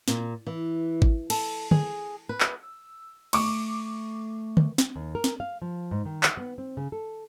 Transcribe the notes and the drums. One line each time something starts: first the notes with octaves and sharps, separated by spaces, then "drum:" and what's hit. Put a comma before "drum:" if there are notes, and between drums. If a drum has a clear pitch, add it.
A#2, drum: snare
E3
drum: kick G#1
A4, drum: cymbal
G#4, drum: tom D3
B4
drum: clap
E6
A3 C#6 D6, drum: cymbal
drum: tom D3
drum: snare
D#2
A#4
drum: snare
F5
F3
G#2
D#3
drum: clap
B3
C4
C#3
A4